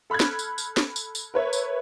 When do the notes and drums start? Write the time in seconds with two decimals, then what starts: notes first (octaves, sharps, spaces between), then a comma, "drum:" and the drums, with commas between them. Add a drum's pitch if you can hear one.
0.10 A4 B5 F6 F#6 G#6
0.20 drum: snare
0.39 drum: tambourine
0.58 drum: tambourine
0.77 drum: snare
0.96 drum: tambourine
1.15 drum: tambourine
1.34 A#4 B4 C#5 E5
1.53 drum: tambourine